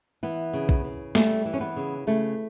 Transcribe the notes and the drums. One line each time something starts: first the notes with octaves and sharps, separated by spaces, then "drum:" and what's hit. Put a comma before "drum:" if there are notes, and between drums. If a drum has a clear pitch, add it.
E3 B3
C#3
drum: kick
C#3
G3 A3, drum: snare
E3
C#4
B3
C#3
C#3 A3